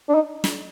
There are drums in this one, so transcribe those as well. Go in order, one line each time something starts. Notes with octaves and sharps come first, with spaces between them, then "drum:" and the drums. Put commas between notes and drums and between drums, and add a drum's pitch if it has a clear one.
D4
D#4
drum: snare